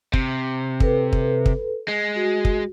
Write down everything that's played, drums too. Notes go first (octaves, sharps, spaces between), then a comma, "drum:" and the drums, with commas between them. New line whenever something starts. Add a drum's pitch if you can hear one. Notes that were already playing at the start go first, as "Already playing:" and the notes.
C3, drum: kick
A4 B4, drum: kick
drum: kick
drum: kick
G#3
F#4
drum: kick